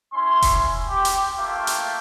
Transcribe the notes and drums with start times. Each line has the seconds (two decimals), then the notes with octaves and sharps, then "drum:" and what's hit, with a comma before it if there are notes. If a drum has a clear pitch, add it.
0.13 C#4 E4 G#5 C6
0.42 drum: kick E1, hi-hat
0.87 G4
1.05 drum: hi-hat
1.36 A3 A#3 F4 E5 F5 G5
1.67 drum: hi-hat